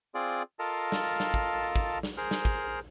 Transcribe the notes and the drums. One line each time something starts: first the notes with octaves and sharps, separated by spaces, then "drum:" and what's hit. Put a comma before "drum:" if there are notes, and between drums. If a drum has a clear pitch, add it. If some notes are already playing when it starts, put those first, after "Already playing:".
C4 F4 G#4 D5
F4 A4 A#4 D#5 F5 A5
drum: snare
drum: snare
drum: kick
drum: kick
drum: snare
G#4 A#4 C5 F6
drum: snare
drum: kick